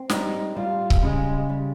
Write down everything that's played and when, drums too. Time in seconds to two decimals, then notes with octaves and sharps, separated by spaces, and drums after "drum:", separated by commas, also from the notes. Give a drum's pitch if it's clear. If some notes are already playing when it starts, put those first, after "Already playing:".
Already playing: C4
0.09 G3 D#4, drum: snare
0.57 G3 F4
0.90 drum: kick C#1
1.03 C#3 G#3
1.49 G3